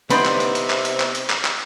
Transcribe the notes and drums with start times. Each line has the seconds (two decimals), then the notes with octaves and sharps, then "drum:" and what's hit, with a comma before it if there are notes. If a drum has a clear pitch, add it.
0.10 C3 B3 D#4 E4 C5 D5 G5 B5, drum: hi-hat
0.25 drum: clap
0.40 drum: hi-hat
0.55 drum: hi-hat
0.70 drum: clap
0.85 drum: hi-hat
1.00 drum: clap
1.15 drum: hi-hat
1.30 drum: clap
1.45 drum: clap